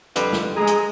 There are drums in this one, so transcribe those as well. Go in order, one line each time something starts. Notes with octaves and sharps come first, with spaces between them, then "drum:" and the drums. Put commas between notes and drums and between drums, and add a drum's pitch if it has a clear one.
F2 D3 G3 B4, drum: hi-hat
drum: snare
G#3 G#4 G#5 A#5 D#6
drum: hi-hat